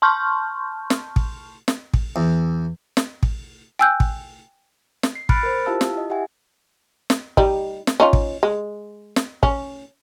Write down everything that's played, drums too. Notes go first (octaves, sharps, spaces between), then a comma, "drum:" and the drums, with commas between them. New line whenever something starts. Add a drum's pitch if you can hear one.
A5 C6 C#6 F6 G6
drum: snare
drum: kick
drum: snare
drum: kick
E2
drum: snare
drum: kick
G5 G#5 E6 F#6 G6
drum: kick
drum: snare
C7
B5 F6 F#6 A6 C#7 D7, drum: kick
A#4 C5
E4 F4 G4 F5 A5 E6
drum: snare
E4 D#5
G4 E5 F#5 G#5
drum: snare
G3 D#4, drum: kick
drum: snare
C#4 D#4 F4
drum: kick
G#3
drum: snare
C#4, drum: kick